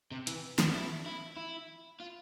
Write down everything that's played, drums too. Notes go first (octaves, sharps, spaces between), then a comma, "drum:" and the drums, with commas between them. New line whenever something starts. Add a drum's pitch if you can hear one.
C3
E3, drum: hi-hat
D4, drum: snare
E4
E4
E4
F4